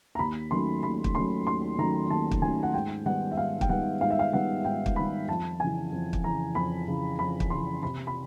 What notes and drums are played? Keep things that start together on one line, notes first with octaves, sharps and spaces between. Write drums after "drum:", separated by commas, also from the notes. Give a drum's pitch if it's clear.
A#5
D#2 B5
D#3 F#3 A3 C#4 C6
D#2 B5
drum: kick
D#3 F#3 A3 C#4 C6
D#2 C6
D#3 F#3 A3 C#4 A#5
D#2 A5
drum: kick
D#3 F#3 A3 C#4 G#5
F#5
G#2 G5
D#3 G3 B3 F#5
E5
G#2 F5
G5, drum: kick
D#3 G3 B3 F#5
G#2 F5
E5
F5
D#3 G3 B3 F#5
G#2 G5
drum: kick
D#3 G3 B3 B5
F2 A5
C#3 E3 G#5
F2
drum: kick
C#3 E3 A#5
F2 B5
C#3 E3
F2 B5
drum: kick
C#3 E3 C6
C3 B5
B5